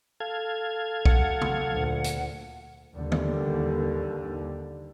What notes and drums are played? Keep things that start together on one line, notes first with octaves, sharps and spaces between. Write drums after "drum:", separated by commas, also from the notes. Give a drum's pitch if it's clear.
A4 F5 G#6
F#3 F#5, drum: kick B1
drum: tom
D2 A#2
drum: hi-hat
D#2 D3 G3
drum: tom D#3